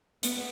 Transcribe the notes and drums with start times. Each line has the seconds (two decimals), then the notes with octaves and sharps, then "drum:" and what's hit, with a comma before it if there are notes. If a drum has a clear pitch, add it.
0.23 B3, drum: hi-hat